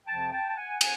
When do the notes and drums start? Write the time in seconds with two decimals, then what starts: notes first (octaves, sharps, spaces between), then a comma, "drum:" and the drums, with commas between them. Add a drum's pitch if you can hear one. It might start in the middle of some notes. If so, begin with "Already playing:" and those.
0.07 F2 C3 F3 G5 A5
0.32 G5 A5
0.48 A5
0.56 F#5 G#5
0.81 F#5 G#5, drum: cymbal